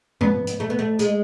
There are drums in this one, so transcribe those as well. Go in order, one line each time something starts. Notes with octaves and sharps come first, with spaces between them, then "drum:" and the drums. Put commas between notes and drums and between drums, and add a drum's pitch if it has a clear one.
B3, drum: tom
drum: hi-hat
A3
B3
A3
G#3, drum: hi-hat